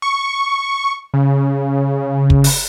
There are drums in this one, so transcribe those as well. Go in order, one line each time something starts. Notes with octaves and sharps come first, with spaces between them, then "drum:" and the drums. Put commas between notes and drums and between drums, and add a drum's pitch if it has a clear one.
C#6
C#3
drum: kick
drum: open hi-hat